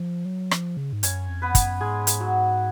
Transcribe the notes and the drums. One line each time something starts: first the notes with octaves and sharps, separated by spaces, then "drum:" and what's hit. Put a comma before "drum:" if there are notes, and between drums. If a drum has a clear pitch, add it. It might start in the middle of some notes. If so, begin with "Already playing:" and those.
Already playing: F3
F#3
F3, drum: rim click
C#3
G#2
F#2 C#4 C#5, drum: hi-hat
F2
B3 B4
F#2, drum: kick, hi-hat
G#2 G#3 G#4
drum: hi-hat
F#3 F#4